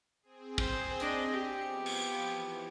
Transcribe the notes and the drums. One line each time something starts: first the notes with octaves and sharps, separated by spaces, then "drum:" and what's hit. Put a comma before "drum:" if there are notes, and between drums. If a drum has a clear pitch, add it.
C4 G#4
C5, drum: kick
D4 D#5, drum: hi-hat
G4 C#7
F3 B3
drum: cymbal
E3